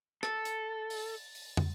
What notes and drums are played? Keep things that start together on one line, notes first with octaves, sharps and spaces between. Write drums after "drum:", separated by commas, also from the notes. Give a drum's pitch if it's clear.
A4 A6, drum: rim click
drum: hi-hat
drum: open hi-hat
drum: open hi-hat
drum: tom